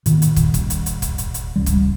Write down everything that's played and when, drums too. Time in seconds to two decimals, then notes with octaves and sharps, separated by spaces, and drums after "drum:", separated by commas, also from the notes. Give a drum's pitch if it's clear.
0.06 A#2 D#3, drum: hi-hat
0.22 drum: hi-hat
0.36 D#1, drum: kick, hi-hat
0.54 drum: kick, hi-hat
0.70 drum: hi-hat
0.86 drum: hi-hat
1.02 drum: kick, hi-hat
1.18 drum: hi-hat
1.34 drum: hi-hat
1.56 D1 C#2 G3
1.66 drum: kick, hi-hat